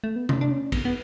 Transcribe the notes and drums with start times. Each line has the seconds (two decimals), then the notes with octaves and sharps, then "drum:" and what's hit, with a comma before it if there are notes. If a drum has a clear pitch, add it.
0.04 A3
0.16 B3
0.29 C#4, drum: tom C3
0.41 D4
0.51 C#4
0.72 B3, drum: kick, cymbal
0.85 B3